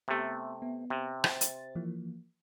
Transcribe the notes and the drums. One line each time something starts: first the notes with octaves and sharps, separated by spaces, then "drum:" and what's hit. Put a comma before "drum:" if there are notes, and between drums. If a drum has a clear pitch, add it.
C3 A3 B3 G4
B3
C3
C5 A6, drum: rim click
drum: hi-hat
E3 F3 A#3